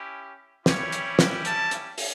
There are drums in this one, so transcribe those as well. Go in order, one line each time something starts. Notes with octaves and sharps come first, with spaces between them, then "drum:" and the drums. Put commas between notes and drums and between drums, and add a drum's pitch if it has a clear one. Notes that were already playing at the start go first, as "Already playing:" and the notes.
Already playing: C#4 E4 G4
G3 C#4 E4 G4 C#5, drum: snare
drum: hi-hat
drum: snare
A5, drum: hi-hat
drum: hi-hat
drum: open hi-hat